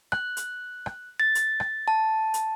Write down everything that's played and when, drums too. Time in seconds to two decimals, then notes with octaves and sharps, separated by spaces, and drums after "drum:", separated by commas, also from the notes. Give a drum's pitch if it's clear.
0.12 F#6, drum: rim click
0.37 drum: hi-hat
0.86 drum: rim click
1.20 A6
1.35 drum: hi-hat
1.60 drum: rim click
1.88 A5
2.34 drum: hi-hat